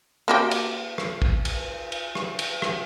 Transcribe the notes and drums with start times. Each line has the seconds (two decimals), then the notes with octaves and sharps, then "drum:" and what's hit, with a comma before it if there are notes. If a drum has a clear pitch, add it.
0.28 A#3 F#4 G4
0.51 drum: cymbal
0.98 drum: rim click
1.22 drum: kick
1.45 drum: cymbal
1.92 drum: cymbal
2.15 drum: rim click
2.39 drum: cymbal
2.62 drum: rim click